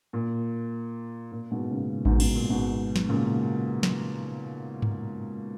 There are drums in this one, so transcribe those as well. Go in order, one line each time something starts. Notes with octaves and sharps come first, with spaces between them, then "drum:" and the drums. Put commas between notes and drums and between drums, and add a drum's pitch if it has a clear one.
A#2
A#2
G#2 B2
A#2 C#3
G#2 B2, drum: kick A1
G#2 B2, drum: cymbal
A#2
G#2 B2
drum: snare
A#2 C#3
drum: snare
drum: tom G2